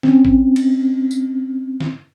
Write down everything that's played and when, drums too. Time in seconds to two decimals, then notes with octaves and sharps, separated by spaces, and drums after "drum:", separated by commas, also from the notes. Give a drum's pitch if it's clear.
0.03 C4 C#4, drum: snare
0.25 drum: kick
0.56 drum: cymbal
1.11 drum: tambourine
1.80 drum: snare